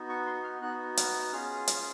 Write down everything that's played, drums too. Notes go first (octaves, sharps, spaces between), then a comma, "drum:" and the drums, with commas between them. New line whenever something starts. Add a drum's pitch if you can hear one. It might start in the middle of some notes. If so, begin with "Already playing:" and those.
Already playing: B3 D#4 F#4
C#6
C6
F6
B3 D#4 F#4 F#6
F6, drum: hi-hat
C#4 F4 G#4 F6
F6, drum: hi-hat